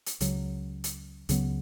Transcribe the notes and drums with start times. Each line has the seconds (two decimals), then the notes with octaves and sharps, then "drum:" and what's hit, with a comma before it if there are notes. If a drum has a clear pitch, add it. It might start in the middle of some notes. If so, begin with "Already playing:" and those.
0.06 drum: hi-hat
0.20 C#2 C#3 F#3, drum: hi-hat
0.84 drum: hi-hat
1.29 C#2 C#3 F#3 B3, drum: hi-hat